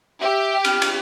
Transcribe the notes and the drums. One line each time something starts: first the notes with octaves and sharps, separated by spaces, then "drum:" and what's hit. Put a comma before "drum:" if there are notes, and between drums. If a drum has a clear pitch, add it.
G4 E5
F6, drum: cymbal
drum: cymbal